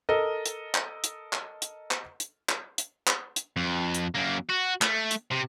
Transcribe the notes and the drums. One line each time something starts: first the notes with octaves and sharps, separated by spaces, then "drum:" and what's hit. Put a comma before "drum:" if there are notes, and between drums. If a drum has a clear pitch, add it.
A4 A#4 D#5
drum: hi-hat
drum: clap
drum: hi-hat
drum: clap
drum: hi-hat
drum: clap
drum: hi-hat
drum: clap
drum: hi-hat
drum: clap
drum: hi-hat
F2
drum: hi-hat
F#2 A#3
F#4
A3, drum: clap
drum: hi-hat
C3